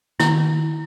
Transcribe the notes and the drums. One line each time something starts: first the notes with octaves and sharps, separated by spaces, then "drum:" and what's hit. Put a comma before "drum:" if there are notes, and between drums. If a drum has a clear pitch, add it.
D#3 E4, drum: snare